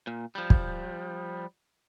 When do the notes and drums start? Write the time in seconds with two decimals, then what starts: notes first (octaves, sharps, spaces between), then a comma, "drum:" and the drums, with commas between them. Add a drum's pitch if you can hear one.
0.07 A#2
0.35 F3 G3
0.50 drum: kick